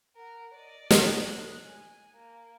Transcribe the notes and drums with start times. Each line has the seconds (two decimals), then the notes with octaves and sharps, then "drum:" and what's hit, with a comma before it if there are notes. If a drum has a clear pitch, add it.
0.16 A#4 F#5
0.55 D5 D#5
0.91 drum: snare
1.24 F#6
1.65 G#5
2.15 A#3